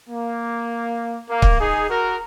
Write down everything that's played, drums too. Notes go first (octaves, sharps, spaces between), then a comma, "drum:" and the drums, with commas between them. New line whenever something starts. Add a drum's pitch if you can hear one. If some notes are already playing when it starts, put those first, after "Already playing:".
A#3
A#3
drum: kick C#1
D#4 G#4
F#4 A#4